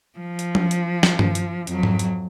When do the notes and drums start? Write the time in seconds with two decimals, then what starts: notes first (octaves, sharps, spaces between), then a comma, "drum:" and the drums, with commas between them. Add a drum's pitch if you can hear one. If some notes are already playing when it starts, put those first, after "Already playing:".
0.19 F3
0.39 drum: hi-hat
0.55 drum: tom F3
0.71 drum: hi-hat
1.03 drum: snare
1.19 drum: tom G2
1.35 drum: hi-hat
1.67 F2 F#3, drum: hi-hat
1.83 drum: tom G#2
1.99 drum: hi-hat